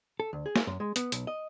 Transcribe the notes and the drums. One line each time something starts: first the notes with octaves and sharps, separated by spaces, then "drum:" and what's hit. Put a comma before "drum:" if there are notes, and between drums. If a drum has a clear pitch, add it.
A4
D2
G#4
drum: snare
F#2
G#3
B3, drum: hi-hat
B1, drum: hi-hat
D#5